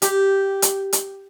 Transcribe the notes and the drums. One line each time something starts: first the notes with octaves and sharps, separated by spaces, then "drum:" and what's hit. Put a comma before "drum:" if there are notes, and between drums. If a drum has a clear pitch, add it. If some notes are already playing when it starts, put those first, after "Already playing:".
G4, drum: hi-hat
drum: hi-hat
drum: hi-hat